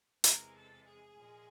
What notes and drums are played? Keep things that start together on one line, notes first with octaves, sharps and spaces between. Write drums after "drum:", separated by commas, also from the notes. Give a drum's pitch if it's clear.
E2 C3 E3 G#3 G#4 A#4, drum: hi-hat
A4
G#4
A#2 F3 G#3